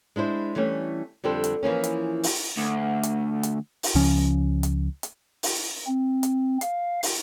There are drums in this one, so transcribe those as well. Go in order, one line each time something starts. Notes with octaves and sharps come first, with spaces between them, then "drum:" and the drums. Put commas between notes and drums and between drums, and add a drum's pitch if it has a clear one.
G#3 D4 E4 C5
E3 G3 A3 C#4
F2 D3 G3 A4 C5
drum: hi-hat
E3 F3 A#3 C#4
drum: hi-hat
drum: open hi-hat
D2
drum: hi-hat
drum: hi-hat
drum: open hi-hat
C#2 C#3 F3 C#4
drum: hi-hat
drum: hi-hat
drum: open hi-hat
C4
drum: hi-hat
F5, drum: hi-hat
drum: open hi-hat